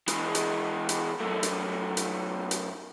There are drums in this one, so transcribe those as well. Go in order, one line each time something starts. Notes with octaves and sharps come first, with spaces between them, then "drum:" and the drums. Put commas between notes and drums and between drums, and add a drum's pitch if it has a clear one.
E3 G#3, drum: hi-hat
drum: hi-hat
drum: hi-hat
F#2 A3
drum: hi-hat
drum: hi-hat
drum: hi-hat